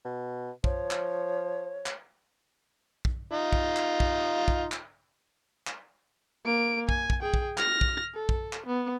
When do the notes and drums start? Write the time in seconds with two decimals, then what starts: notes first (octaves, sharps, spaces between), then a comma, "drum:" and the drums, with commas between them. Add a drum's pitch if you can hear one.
0.05 B2
0.64 F3 C#5, drum: kick
0.91 drum: clap
1.86 drum: clap
3.05 drum: kick
3.32 D#4 F4
3.53 drum: kick
3.76 drum: clap
4.00 drum: kick
4.48 drum: kick
4.72 drum: clap
5.67 drum: clap
6.45 A#3 D7
6.89 G#5, drum: kick
7.10 drum: kick
7.22 G#4 G5
7.34 drum: kick
7.57 F6 A#6, drum: clap
7.81 drum: kick
8.15 A4
8.29 drum: kick
8.53 drum: clap
8.66 B3